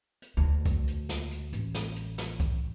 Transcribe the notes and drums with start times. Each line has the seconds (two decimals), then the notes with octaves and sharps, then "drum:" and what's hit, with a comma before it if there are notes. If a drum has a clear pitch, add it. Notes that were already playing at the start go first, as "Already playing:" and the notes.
0.22 drum: hi-hat
0.37 D2
0.66 drum: kick C2, hi-hat
0.87 drum: hi-hat
1.09 drum: snare
1.31 drum: hi-hat
1.53 A1, drum: hi-hat
1.74 drum: snare
1.96 drum: hi-hat
2.18 drum: snare
2.40 drum: kick C2, hi-hat